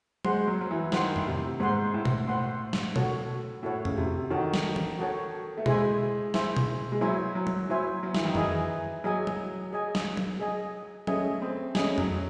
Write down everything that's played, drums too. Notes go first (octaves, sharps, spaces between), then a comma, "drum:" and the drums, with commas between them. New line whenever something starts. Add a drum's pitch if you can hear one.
G#3 C5 F#5 C6, drum: tom F#3
F#3
F#3
E3
D#3 C5 F#5 C6, drum: snare
A2, drum: tom F2
C3
G#2 C5 F#5 C6
A2
drum: tom B2
A2 C5 F#5 C6
drum: snare
F#4 A4 C#5, drum: tom B2
A2 F#4 A4 C#5
C#3, drum: tom F2
C3
D#3 F#4 A4 C#5
drum: snare
drum: tom E3
F#4 A4 C#5
A3
G#3 E4 C5 E5 G#5, drum: tom B2
E4 C5 E5 G#5, drum: snare
drum: tom B2
G#3
F#3 E4 C5 E5 G#5
F#3
drum: tom F#3
F#3 E4 C5 E5 G#5
F#3
E3, drum: snare
D#3
E3 G#4 D#5 G#5, drum: tom F2
F#3 G#4 D#5 G#5
drum: tom F#3
G#4 D#5 G#5
drum: snare
drum: tom F#3
G#4 D#5 G#5
A3 C#4 G#4 D#5 G#5, drum: tom F#3
C4
A3 C#4 G#4 D#5 G#5, drum: snare
F#3, drum: tom F2